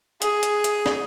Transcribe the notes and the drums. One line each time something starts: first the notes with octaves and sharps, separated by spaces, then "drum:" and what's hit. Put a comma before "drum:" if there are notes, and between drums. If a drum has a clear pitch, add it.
G#4, drum: hi-hat
drum: hi-hat
drum: hi-hat
drum: snare